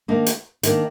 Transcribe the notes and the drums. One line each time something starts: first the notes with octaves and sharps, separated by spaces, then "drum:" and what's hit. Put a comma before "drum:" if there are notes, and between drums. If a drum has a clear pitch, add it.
D#3 A#3 D4
drum: hi-hat
D#3 A#3 D4, drum: hi-hat